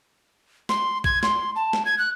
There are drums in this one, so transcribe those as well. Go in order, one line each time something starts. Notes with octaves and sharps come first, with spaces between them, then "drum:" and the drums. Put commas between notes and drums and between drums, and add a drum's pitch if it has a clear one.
C6, drum: snare
G#6, drum: kick
C6, drum: snare
A5
drum: snare
G#6
F#6